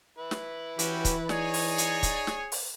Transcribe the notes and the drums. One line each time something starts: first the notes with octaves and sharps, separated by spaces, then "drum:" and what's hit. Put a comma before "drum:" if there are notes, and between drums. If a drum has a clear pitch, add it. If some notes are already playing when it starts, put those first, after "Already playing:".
E4 B4
drum: snare
E3 C#4 F#4 G4, drum: hi-hat
drum: kick C#1, hi-hat
D#4 G#4 C#5 D5, drum: snare
drum: open hi-hat
drum: hi-hat
drum: kick C#1, hi-hat
drum: snare
drum: open hi-hat